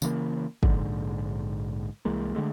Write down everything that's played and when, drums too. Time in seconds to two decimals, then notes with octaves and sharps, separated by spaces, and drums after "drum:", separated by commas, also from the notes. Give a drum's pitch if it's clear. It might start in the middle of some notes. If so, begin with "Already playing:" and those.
0.02 C#3 E3 G#3 A#3, drum: tambourine
0.63 A#1 G#2 D3, drum: kick
2.05 C2 E3 G#3 A#3
2.35 D3 E3 G#3 A3